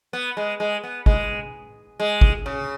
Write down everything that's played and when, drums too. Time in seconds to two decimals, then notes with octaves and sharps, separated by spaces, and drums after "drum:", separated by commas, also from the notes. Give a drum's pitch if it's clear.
0.13 B3
0.37 G#3
0.60 G#3
0.83 B3
1.06 G#3, drum: kick
2.00 G#3
2.21 drum: kick
2.46 C#3